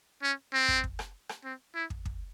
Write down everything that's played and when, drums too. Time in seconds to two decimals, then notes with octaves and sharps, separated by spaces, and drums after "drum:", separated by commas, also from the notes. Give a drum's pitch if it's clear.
0.23 C#4
0.53 C4
0.68 drum: kick
0.84 drum: kick
0.99 drum: rim click
1.29 drum: rim click
1.44 C4
1.75 E4
1.90 drum: kick
2.05 drum: kick